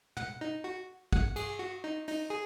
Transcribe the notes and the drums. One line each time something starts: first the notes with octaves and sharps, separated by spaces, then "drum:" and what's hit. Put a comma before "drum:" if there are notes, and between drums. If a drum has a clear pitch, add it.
F#5, drum: tom
D#4
F#4
F#5, drum: kick
G#4, drum: cymbal
F#4
D#4
D#4, drum: open hi-hat
G#4